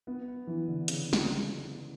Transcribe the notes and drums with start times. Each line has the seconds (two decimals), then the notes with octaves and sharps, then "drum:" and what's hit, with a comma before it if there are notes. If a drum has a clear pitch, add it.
0.07 B3
0.47 E3
0.68 D3
0.88 C#3, drum: hi-hat
1.13 drum: snare